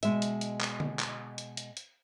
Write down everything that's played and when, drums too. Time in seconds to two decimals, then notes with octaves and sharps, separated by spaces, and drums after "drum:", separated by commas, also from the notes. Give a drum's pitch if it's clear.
0.03 B2 G#3 E5, drum: hi-hat
0.22 drum: hi-hat
0.41 drum: hi-hat
0.61 drum: clap
0.80 drum: tom D3
0.99 drum: clap
1.38 drum: hi-hat
1.57 drum: hi-hat
1.77 drum: hi-hat